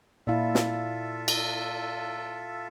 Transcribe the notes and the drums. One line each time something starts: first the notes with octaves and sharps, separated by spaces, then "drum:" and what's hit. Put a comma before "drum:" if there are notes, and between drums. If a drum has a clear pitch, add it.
A#2 E4 F4 A4 D5 E5 F5
drum: snare
drum: cymbal